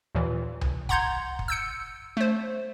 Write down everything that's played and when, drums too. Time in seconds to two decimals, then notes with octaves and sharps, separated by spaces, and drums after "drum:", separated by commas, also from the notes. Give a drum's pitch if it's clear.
0.15 D#2 A#2 E3
0.61 drum: tom C2
0.89 F#5 A#5 C6 G6 G#6, drum: kick
1.39 drum: kick
1.48 E6 G6 C#7
2.17 A3 C5